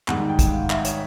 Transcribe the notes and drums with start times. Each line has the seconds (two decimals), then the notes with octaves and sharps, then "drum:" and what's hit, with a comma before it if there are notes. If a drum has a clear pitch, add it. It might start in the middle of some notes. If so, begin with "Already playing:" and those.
0.08 G#2 D#3 G3 F#5, drum: clap
0.29 G5
0.39 drum: kick, hi-hat
0.49 F5
0.70 E5, drum: clap
0.85 C#5, drum: hi-hat